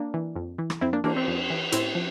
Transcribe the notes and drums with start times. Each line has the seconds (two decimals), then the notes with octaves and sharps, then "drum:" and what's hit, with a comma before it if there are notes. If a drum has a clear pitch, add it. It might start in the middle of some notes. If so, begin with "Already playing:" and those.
Already playing: A#3 D4
0.14 E3
0.36 F2
0.58 E3
0.70 drum: rim click
0.81 F2 C4 E4
0.93 A#3 D4
1.04 E3 A#3 D4, drum: cymbal
1.16 C4
1.28 F2
1.50 E3
1.72 A2 C4 E4, drum: hi-hat
1.95 F3